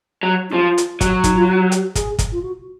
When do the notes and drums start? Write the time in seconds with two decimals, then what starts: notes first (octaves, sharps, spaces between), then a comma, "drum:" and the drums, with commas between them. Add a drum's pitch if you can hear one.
0.23 F#3
0.50 D#4
0.53 F3 F4
0.78 drum: hi-hat
1.01 F#3, drum: kick, hi-hat
1.24 D#4, drum: kick, hi-hat
1.36 F4
1.48 F#4
1.72 drum: hi-hat
1.95 G#4, drum: kick, hi-hat
2.19 drum: kick, hi-hat
2.32 F4
2.42 F#4